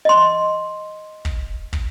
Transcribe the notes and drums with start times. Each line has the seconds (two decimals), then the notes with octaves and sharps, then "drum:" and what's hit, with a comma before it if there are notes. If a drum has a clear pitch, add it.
0.05 D#5 C6
1.25 drum: kick
1.73 drum: kick